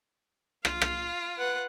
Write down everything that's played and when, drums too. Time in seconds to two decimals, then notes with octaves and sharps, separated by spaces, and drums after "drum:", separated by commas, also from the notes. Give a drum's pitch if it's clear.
0.65 F4 F5, drum: rim click
0.82 drum: rim click
1.38 B4 F#5